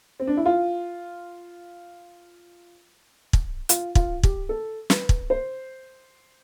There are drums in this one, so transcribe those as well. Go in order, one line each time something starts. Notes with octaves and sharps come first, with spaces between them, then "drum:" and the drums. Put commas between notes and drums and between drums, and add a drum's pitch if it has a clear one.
C4
D4
E4
F4
drum: kick
F4, drum: hi-hat
F4, drum: kick
G4, drum: kick
A4
B4, drum: snare
drum: kick
C5